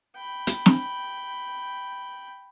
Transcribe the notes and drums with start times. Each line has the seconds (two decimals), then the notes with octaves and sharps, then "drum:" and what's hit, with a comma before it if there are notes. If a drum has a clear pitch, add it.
0.16 G5 B5
0.47 drum: hi-hat
0.66 drum: snare